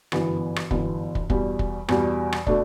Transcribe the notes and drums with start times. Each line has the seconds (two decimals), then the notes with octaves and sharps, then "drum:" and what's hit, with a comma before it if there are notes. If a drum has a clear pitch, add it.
0.12 G1 F#2 E3 B3, drum: rim click
0.56 drum: rim click
0.71 G1 F#2 E3 B3, drum: kick
1.15 drum: kick
1.30 E2 B2 G3, drum: kick
1.59 drum: kick
1.89 E2 B2 G3, drum: rim click
2.32 drum: rim click
2.47 B2 A3 D4, drum: kick